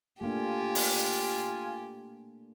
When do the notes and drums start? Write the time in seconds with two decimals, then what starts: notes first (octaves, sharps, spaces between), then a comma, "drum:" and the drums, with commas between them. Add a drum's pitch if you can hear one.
0.21 A3 A#3 D4 F4 G4 G#5
0.75 drum: open hi-hat